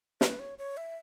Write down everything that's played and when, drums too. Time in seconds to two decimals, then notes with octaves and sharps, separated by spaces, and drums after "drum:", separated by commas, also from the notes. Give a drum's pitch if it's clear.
0.21 B4, drum: snare
0.39 C#5
0.58 C#5
0.77 E5